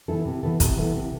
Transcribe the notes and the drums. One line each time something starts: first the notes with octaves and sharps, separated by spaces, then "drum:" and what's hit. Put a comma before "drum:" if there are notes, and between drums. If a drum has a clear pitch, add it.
E3 B3 E4 A4
C3
E3 B3 E4 A4
C3, drum: kick, hi-hat
E3 B3 E4 A4
C3